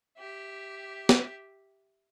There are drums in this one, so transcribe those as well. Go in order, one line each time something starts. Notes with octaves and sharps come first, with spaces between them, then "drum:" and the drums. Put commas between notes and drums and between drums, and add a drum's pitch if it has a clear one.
G4 E5
drum: snare